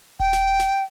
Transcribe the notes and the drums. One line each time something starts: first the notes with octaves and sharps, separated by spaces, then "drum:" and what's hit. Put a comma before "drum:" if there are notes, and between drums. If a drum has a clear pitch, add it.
G5, drum: kick D#1
drum: snare
drum: snare